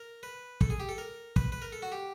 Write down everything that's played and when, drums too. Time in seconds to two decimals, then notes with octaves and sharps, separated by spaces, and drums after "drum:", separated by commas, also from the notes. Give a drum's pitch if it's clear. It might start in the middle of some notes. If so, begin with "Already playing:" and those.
Already playing: A#4
0.23 B4
0.61 A4, drum: kick
0.70 G#4
0.80 G4
0.89 A4
0.98 A#4
1.36 B4, drum: kick
1.52 B4
1.62 A#4
1.72 A4
1.82 F#4
1.92 G4